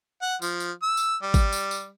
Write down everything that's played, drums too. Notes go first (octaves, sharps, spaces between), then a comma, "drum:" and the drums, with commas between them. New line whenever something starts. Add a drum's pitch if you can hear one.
F#5
F3, drum: tambourine
drum: tambourine
E6
drum: tambourine
G3
drum: kick G#1, tambourine
drum: tambourine
drum: tambourine